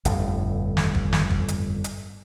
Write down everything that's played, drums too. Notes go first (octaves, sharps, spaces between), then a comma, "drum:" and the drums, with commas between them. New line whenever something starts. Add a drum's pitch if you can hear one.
G1 F2 A2 D3, drum: hi-hat
drum: snare
drum: kick
drum: snare
drum: kick
drum: hi-hat
drum: hi-hat